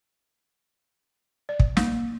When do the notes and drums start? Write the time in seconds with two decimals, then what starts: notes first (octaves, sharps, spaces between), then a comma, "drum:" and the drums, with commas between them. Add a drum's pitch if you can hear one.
1.49 D5
1.60 drum: kick
1.77 A#3, drum: snare